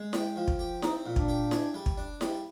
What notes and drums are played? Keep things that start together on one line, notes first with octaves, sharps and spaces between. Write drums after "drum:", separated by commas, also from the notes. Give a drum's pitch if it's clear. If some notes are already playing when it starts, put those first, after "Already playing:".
Already playing: G#3
G4, drum: snare E4
F3
drum: kick
G4
C4 D#4, drum: snare E4
A#2
D4, drum: kick
G4
G#4, drum: snare E4
G3
drum: kick
D4
G3, drum: snare E4